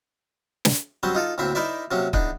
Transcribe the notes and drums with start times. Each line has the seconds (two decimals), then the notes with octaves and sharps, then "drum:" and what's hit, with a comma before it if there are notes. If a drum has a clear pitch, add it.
0.65 drum: snare
1.03 F#3 G3 C4 C#4 C5
1.15 D#4 F4 A4
1.38 D2 A2 A#3 C4 E5
1.55 D#4 E4 A#4 C5 D5 E5
1.91 C3 F#3 A#3 C#4
2.13 E2 D4 D#4, drum: kick